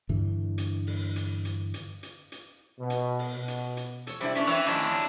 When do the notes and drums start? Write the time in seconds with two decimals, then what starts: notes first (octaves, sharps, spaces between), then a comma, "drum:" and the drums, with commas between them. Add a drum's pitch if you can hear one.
0.09 G2 D3 E3
0.58 drum: hi-hat
0.87 drum: open hi-hat
1.16 drum: hi-hat
1.45 drum: hi-hat
1.74 drum: hi-hat
2.03 drum: hi-hat
2.32 drum: hi-hat
2.80 B2
2.90 drum: hi-hat
3.19 drum: open hi-hat
3.37 B2
3.48 drum: hi-hat
3.77 drum: hi-hat
4.07 A4 C#5, drum: hi-hat
4.21 C3 G3 D4 E4
4.35 A3 C#4 D4 E4, drum: hi-hat
4.48 E3 C4 C#5 E5
4.66 F2 A2 D#3 C#4 D4 E4 G4, drum: hi-hat